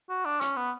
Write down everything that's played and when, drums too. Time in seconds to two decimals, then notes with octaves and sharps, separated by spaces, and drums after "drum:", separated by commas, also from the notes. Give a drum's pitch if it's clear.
0.10 F#4
0.25 D4
0.41 C#4, drum: hi-hat
0.56 B3